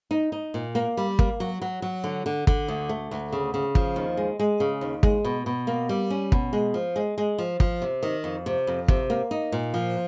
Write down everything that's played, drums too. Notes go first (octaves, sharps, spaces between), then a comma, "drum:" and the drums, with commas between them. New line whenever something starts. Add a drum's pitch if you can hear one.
D#4
D#4
A#2
A#3
G3
A#3, drum: kick
F#3
F#3
F#3
D3
D3
D3, drum: kick
D2
A3
D2
C#3
C#3
F3, drum: kick
D#2
G#3
G#3
C#3
D#2
G#3, drum: kick
B2
B2
A#3
G3
C#4
B2, drum: kick
G#3
F3
G#3
G#3
F3
F3, drum: kick
C3
D#3
F2
C3
F2
C3, drum: kick
A#3
D#4
A#2
F3